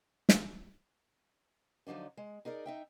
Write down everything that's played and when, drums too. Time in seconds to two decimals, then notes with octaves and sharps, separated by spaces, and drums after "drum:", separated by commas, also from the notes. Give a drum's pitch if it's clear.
0.29 drum: snare
1.87 D3 F3 F#3 D4 D#4
2.17 G#3
2.45 D#4 G#4 A#4 D5
2.66 D#4 E5 G5